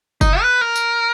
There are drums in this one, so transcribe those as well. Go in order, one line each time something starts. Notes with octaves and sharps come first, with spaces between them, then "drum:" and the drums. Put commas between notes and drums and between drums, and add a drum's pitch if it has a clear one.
D#4, drum: kick F#1, tambourine
B4
A#4
drum: tambourine